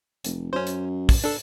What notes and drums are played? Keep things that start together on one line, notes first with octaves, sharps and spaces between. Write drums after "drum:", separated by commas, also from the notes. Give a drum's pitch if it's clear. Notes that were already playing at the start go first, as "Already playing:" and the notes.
F1, drum: hi-hat
F#2 C#4 C5
drum: hi-hat
drum: kick, open hi-hat
D4 A4